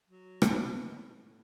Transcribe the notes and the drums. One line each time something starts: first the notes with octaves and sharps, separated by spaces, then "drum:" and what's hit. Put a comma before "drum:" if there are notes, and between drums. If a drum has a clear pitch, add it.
F#3
drum: rim click
F#3
D#3
A2
A2